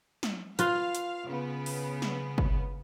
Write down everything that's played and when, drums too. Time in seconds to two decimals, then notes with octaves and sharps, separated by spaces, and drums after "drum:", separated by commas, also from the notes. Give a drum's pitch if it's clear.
0.23 drum: snare
0.59 F4 B4 F5, drum: hi-hat
0.95 drum: hi-hat
1.26 C#3 B3
1.66 drum: open hi-hat
2.02 drum: snare
2.38 drum: kick G1